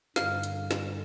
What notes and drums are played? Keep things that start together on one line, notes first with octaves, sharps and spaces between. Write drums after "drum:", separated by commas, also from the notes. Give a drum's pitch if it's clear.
G2 D3 G3 F5 F6, drum: snare
drum: hi-hat
drum: snare